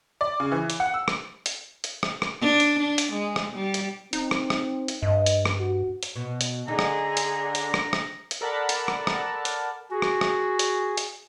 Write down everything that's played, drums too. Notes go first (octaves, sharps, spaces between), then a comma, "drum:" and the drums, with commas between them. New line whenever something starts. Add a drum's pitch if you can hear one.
D5
C#3
E3
drum: hi-hat
F#5
E6
drum: rim click
drum: hi-hat
drum: hi-hat
drum: rim click
drum: rim click
D4
drum: hi-hat
D4
drum: hi-hat
G#3
drum: rim click
G3
drum: hi-hat
C4 D#4, drum: hi-hat
drum: rim click
drum: rim click
drum: hi-hat
G2 D#5
drum: hi-hat
drum: rim click
F#4
drum: hi-hat
B2
drum: hi-hat
D3 D#4 G#4 A#5
drum: rim click
drum: hi-hat
drum: hi-hat
drum: rim click
drum: rim click
drum: hi-hat
A4 A#4 D5 F#5 A5 B5
drum: hi-hat
drum: rim click
drum: rim click
drum: hi-hat
F#4 G#4
drum: rim click
drum: rim click
drum: hi-hat
drum: hi-hat